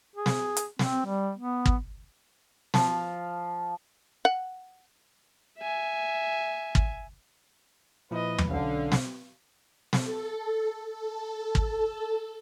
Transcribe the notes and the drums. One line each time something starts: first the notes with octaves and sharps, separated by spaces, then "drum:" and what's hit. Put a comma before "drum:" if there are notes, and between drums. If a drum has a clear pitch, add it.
G#4
drum: snare
drum: hi-hat
C4, drum: snare
G3
B3
drum: kick
F3, drum: snare
F#5
E5 G#5
drum: kick
A#2 F3 E4 B4 D#5
drum: tom
B1 D3 C#4 F5
drum: snare
A4, drum: snare
A4
drum: kick